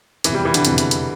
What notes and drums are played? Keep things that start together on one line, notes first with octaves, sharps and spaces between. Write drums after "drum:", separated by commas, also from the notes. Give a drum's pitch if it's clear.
F1 E2 C3 E3, drum: hi-hat
G3
E3
D3, drum: hi-hat
F1 E2 C3, drum: hi-hat
drum: hi-hat
drum: hi-hat